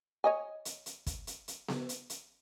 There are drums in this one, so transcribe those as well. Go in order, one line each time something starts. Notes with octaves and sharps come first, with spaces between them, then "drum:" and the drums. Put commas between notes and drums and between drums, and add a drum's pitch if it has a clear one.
C#5 D#5 G#5
drum: hi-hat
drum: hi-hat
drum: kick, hi-hat
drum: hi-hat
drum: hi-hat
drum: snare B3
drum: hi-hat
drum: hi-hat